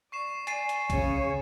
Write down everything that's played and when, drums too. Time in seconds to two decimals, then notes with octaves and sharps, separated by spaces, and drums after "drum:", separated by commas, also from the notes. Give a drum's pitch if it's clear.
0.12 D5 C#6 C7 E7
0.47 G#5 A6 C7 D#7, drum: hi-hat
0.69 drum: hi-hat
0.90 C#3 C#5, drum: kick A#1, hi-hat